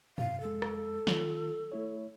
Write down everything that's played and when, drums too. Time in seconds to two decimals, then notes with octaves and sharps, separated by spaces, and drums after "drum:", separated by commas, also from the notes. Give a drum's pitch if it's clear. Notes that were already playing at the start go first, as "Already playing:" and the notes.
0.18 F#2 C3 F5, drum: tom
0.41 F2 G#3 A4
0.62 drum: rim click
1.07 D#3 F4, drum: snare
1.72 A3 E4 C#5